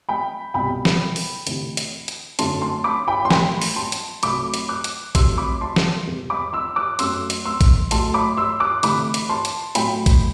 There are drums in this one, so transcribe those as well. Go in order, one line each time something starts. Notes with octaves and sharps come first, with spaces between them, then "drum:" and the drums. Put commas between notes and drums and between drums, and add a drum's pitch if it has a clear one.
G5 B5
C2 B2 G3 G5 B5
drum: snare
drum: open hi-hat
D2 C3 E3, drum: hi-hat
drum: hi-hat
drum: hi-hat
F#2 D3 F#3 A3 A5 C6, drum: hi-hat
A5 C6
B5 D6
G5 B5
C6
A2 G3 G5 B5, drum: snare
drum: open hi-hat
A5 C6
drum: hi-hat
C2 C3 F#3 A3 B5 D6, drum: hi-hat
drum: hi-hat
D6 F#6
drum: hi-hat
C2 C3 F#3 A3 C6 E6, drum: kick A#1, hi-hat
B5 D6
A5 C6
drum: snare
E2 C3 G3
B5 D6
C6 E6
D6 F#6
F#2 F#3 A3 C6 E6, drum: hi-hat
drum: hi-hat
C6 E6
drum: kick A#1, hi-hat
A2 F#3 A3 A5 C6, drum: hi-hat
B5 D6
C6 E6
D6 F#6
D2 C3 E3 A3 B5 D6, drum: hi-hat
drum: hi-hat
A5 C6
drum: hi-hat
A2 F#3 A3 G5 B5, drum: hi-hat
drum: kick A#1, hi-hat